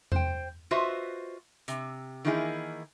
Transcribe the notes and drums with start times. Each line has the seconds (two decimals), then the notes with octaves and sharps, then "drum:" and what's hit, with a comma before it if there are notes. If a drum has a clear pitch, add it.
0.12 C5 G5, drum: tom E2
0.71 F4 F#4 B4 C5 D#5 E5
1.68 C3, drum: hi-hat
2.25 D#3 E3 A#3 D#4 E4 G#4